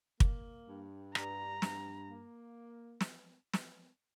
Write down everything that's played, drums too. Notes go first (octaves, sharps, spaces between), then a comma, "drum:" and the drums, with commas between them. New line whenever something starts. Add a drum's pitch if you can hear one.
A#3, drum: kick
G2
G2 A#5, drum: rim click
G2, drum: snare
A#3
drum: snare
drum: snare